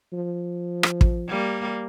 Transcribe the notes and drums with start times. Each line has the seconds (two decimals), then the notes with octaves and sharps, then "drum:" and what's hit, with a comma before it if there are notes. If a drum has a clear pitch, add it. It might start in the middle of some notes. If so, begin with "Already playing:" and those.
0.13 F3
0.83 drum: rim click
1.01 drum: kick
1.28 G3 A#3